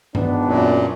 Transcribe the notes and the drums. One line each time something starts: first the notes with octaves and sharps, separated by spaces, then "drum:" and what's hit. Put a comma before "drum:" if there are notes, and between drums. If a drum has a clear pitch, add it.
G#1 B3 D4, drum: tom G2
F#2 A#2